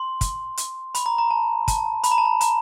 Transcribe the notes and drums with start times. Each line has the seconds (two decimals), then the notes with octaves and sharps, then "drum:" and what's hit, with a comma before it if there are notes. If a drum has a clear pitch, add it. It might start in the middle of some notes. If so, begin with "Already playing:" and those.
Already playing: C6
0.21 drum: kick, hi-hat
0.57 drum: hi-hat
0.95 B5, drum: hi-hat
1.06 A#5
1.18 A#5
1.31 A5
1.68 A5, drum: kick, hi-hat
2.04 B5, drum: hi-hat
2.12 A#5
2.18 A5
2.26 A#5
2.41 A#5, drum: hi-hat